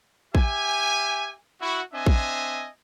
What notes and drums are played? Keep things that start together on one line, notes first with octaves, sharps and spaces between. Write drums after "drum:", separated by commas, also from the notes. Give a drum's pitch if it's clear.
G4 E5 G#5, drum: kick
E4 F#4
C4 D4 D#5 E5 G#5
drum: kick